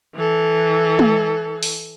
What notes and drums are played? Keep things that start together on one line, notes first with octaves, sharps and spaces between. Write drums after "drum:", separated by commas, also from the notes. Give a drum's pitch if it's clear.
E3 A4
drum: tom G#3
drum: open hi-hat